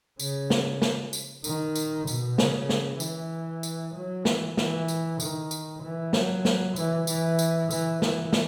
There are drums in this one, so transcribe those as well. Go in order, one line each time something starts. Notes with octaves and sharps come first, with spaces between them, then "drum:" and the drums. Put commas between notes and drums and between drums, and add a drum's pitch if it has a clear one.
C#3, drum: tambourine
drum: snare
drum: snare
drum: tambourine
D#3, drum: tambourine
drum: tambourine
B2, drum: tambourine
C#3, drum: snare
drum: snare
E3, drum: tambourine
drum: tambourine
F#3
E3, drum: snare
E3, drum: snare
drum: tambourine
D#3, drum: tambourine
drum: tambourine
E3
F#3, drum: snare
drum: snare
E3, drum: tambourine
E3, drum: tambourine
drum: tambourine
E3, drum: tambourine
E3, drum: snare
drum: snare